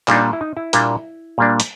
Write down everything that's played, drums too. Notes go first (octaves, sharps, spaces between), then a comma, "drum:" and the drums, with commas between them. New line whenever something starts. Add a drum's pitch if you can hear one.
A#2 G3 A#3 D4 D#4, drum: clap
E4
D#4
E4
A#2 G3 A#3 D4, drum: hi-hat
A#2 G3 A#3 D4
drum: hi-hat